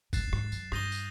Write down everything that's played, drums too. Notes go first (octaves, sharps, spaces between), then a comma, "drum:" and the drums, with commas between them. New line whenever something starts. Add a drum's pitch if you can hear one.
A2 F#6 A6 C7 E7, drum: kick G1, tambourine
G2
G#2, drum: rim click
F#2, drum: tambourine
G2 D#6 G6 A#6 D#7 G7, drum: rim click
drum: tambourine